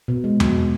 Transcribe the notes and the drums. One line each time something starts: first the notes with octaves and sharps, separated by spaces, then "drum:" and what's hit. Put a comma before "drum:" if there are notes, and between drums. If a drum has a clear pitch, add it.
B2
G#3
drum: tom E2